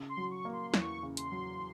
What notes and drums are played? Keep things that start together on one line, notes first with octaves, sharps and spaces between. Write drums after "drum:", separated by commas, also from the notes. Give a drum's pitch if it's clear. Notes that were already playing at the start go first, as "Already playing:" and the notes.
Already playing: C#3
C6
F#3
C#6
A#3
C6
C6
E2 C#6, drum: snare
C#3
C6, drum: hi-hat
F#3